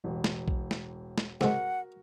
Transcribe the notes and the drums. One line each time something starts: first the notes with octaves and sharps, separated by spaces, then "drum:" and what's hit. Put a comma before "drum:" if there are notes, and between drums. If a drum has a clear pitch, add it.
E1 A1
drum: snare
drum: kick A#1
drum: snare
drum: snare
C3 G#3 F#4 A#4 F#5, drum: snare